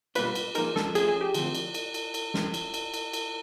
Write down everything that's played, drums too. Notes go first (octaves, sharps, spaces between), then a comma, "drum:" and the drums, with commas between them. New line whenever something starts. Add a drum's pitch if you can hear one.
B2 G3 A#3 D4 F4 B4, drum: cymbal
drum: cymbal
F3 A#3 D#4 G#4 A#4, drum: cymbal
A4, drum: snare
F3 A3 C#4 G#4, drum: cymbal
G#4
G4
D3 F3 A3 C4, drum: cymbal
drum: cymbal
drum: cymbal
drum: cymbal
drum: cymbal
drum: snare
drum: cymbal
drum: cymbal
drum: cymbal
drum: cymbal